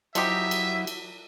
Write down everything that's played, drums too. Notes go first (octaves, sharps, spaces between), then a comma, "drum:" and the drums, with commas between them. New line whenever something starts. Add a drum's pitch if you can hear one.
F3 F#3 D#4 E4 G4 E5, drum: cymbal
drum: cymbal
drum: cymbal